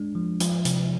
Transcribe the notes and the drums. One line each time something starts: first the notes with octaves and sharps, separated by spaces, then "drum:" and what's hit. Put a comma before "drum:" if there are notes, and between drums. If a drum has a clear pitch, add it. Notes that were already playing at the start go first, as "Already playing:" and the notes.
Already playing: G#3 D4
F3
F3, drum: hi-hat
C3, drum: hi-hat